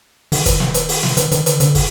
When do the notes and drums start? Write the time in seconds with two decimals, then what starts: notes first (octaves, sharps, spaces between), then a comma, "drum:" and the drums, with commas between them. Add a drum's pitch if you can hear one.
0.32 D#3, drum: open hi-hat
0.46 drum: kick, hi-hat
0.60 drum: snare
0.74 drum: hi-hat
0.89 drum: open hi-hat
1.03 drum: snare
1.17 D#3, drum: hi-hat
1.32 D#3, drum: hi-hat
1.46 D3, drum: hi-hat
1.60 D3, drum: hi-hat
1.75 drum: kick, open hi-hat